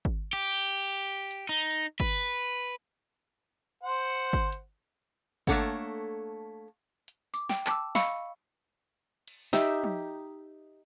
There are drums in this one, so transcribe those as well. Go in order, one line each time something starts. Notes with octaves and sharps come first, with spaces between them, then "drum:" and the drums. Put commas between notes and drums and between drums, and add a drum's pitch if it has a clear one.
drum: kick G#1
G4
drum: hi-hat
D#4
drum: hi-hat
B4, drum: kick G#1
C5 F#5
drum: kick G#1
drum: hi-hat
A3 A#3 D4 A4 C#5 F#5, drum: kick G#1
drum: hi-hat
D6, drum: tambourine
G5, drum: snare
A5 D6 E6, drum: clap
D#5 F5 B5 C#6 E6 C#7, drum: snare
drum: cymbal
D#4 G4 E5, drum: snare
drum: tom F3